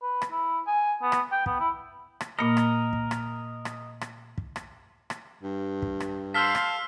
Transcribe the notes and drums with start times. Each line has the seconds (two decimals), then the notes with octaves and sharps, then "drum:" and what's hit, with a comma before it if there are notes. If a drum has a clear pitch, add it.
0.02 B4
0.22 drum: rim click
0.32 E4
0.67 G#5
1.02 B3
1.12 drum: rim click
1.32 G5
1.46 B3, drum: kick
1.59 E4
2.21 drum: rim click
2.39 A#2 A#3 A#4 D#5 B5
2.57 drum: rim click
2.93 drum: kick
3.11 drum: rim click
3.65 drum: rim click
4.01 drum: rim click
4.38 drum: kick
4.56 drum: rim click
5.10 drum: rim click
5.43 G2
5.82 drum: kick
6.00 drum: rim click
6.34 A4 C5 F5 E6 F6 B6
6.55 drum: rim click